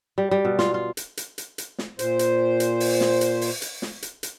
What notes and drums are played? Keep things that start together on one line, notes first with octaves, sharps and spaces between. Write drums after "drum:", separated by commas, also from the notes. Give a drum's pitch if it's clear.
G3
G3
B2
F4, drum: snare
F4
drum: hi-hat
drum: hi-hat
drum: hi-hat
drum: hi-hat
drum: snare
A#2 C5, drum: hi-hat
drum: hi-hat
drum: hi-hat
drum: open hi-hat
drum: snare
drum: hi-hat
drum: open hi-hat
drum: hi-hat
drum: snare
drum: hi-hat
drum: hi-hat